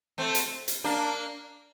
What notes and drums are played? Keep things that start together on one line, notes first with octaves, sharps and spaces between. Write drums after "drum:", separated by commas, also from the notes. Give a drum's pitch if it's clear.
A3 C4
drum: hi-hat
drum: hi-hat
A#3 D4